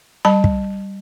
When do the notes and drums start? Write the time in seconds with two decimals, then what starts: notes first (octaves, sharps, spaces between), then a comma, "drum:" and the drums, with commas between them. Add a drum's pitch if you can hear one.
0.25 G3 A5 B5
0.44 drum: kick